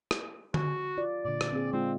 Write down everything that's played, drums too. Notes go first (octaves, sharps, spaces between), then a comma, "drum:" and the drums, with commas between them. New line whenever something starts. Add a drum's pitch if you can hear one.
drum: rim click
F#4, drum: tom D3
F4 D5
A#2 D3 D5
drum: rim click
C4 G#4
G#3 C4 F4